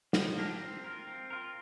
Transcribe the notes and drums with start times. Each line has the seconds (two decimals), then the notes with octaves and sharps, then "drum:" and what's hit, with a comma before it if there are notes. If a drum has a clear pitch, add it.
0.13 F3, drum: snare
0.36 A#3 D4 G4 A#4
0.60 C4
0.84 F4 A#4
1.07 C4
1.30 F4 A#4